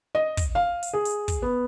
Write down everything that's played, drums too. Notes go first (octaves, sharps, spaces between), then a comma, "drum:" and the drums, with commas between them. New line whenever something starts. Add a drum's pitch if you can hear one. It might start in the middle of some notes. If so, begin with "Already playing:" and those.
D#5
drum: kick, hi-hat
F5
drum: hi-hat
G#4
drum: hi-hat
drum: kick, hi-hat
B3